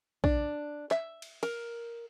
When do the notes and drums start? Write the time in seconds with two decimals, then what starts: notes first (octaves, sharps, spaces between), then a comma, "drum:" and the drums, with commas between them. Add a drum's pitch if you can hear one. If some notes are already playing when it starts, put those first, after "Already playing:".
0.24 D4, drum: kick
0.91 E5, drum: clap
1.22 drum: cymbal
1.43 A#4, drum: cymbal